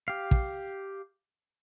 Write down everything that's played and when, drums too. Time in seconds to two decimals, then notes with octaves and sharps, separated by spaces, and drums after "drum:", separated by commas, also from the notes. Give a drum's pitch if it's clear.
0.08 G4 F5
0.31 drum: kick